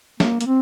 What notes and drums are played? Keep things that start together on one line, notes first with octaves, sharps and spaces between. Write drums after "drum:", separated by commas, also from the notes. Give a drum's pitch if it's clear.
A#3, drum: snare
A#3, drum: hi-hat
C4